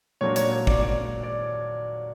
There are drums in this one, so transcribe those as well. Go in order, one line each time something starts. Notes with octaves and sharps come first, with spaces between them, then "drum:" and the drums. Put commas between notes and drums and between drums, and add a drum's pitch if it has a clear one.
A#2 F#3 A#3 D4 C#5
C#5, drum: hi-hat
C#5
D5, drum: kick
D5
D5